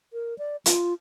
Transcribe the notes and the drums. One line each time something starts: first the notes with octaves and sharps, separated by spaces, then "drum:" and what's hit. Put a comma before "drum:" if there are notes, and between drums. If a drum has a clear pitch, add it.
A#4
D5
F4, drum: hi-hat